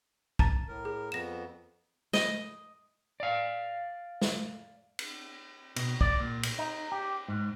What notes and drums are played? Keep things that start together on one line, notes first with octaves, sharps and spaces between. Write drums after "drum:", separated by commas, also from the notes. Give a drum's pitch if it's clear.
A5 A#5 A6, drum: kick
A2 A#4
G#4
F2 B3 A#6 E7
D#5, drum: snare
D5 F5
drum: snare
drum: cymbal
B2, drum: cymbal
D5, drum: kick
A#2
drum: cymbal
D#4
G4
G#2